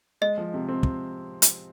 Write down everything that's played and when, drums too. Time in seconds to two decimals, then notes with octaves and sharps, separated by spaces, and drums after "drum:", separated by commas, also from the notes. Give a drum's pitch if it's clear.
0.21 G#3 D#5
0.38 F3
0.54 C3
0.69 C4
0.83 drum: kick
1.42 drum: hi-hat